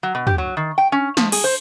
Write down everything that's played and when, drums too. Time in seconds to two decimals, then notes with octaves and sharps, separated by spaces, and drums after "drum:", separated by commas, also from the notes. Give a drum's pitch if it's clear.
0.03 F#3
0.15 B2
0.27 G4, drum: tom
0.38 F#3
0.57 D#3
0.78 G5
0.92 C#4
1.17 F3, drum: snare
1.32 G#4, drum: cymbal
1.44 C5